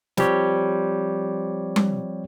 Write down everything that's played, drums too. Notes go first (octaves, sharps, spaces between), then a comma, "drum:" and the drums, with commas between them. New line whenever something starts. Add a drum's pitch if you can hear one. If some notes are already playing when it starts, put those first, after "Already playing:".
F3 G3 C4 G4 C#5, drum: snare
drum: tom G3